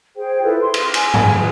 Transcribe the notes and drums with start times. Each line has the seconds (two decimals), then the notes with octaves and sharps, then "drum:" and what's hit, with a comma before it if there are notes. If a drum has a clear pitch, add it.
0.15 G#4 C5 G5
0.43 E4 F4 A4 B4
0.60 C6
0.74 drum: cymbal
0.94 G#4 G#5, drum: cymbal
1.14 drum: tom F#2
1.38 F4 G#4 B4